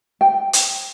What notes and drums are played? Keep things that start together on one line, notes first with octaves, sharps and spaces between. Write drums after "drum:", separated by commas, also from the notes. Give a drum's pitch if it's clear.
G5
drum: hi-hat